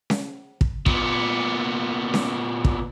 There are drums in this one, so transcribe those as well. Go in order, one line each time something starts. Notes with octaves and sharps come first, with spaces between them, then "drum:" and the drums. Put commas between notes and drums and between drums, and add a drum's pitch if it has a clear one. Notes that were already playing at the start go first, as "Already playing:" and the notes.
drum: snare C#4
drum: kick
A#2 B3, drum: kick
drum: snare C#4
drum: kick